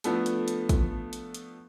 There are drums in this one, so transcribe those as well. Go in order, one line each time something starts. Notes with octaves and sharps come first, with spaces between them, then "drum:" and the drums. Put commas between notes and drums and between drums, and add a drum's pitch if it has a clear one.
F3 A3 B3 D4 A4, drum: hi-hat
drum: hi-hat
drum: hi-hat
drum: kick, hi-hat
drum: hi-hat
drum: hi-hat